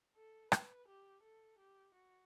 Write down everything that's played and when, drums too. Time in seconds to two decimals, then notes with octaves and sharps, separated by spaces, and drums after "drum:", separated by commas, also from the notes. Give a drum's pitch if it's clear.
0.16 A4
0.52 B4, drum: rim click
0.88 G4
1.23 A4
1.58 G4
1.94 F#4